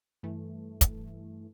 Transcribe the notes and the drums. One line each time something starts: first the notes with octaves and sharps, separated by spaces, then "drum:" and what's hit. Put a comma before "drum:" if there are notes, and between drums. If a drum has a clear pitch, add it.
G2 E3 A3
drum: kick, hi-hat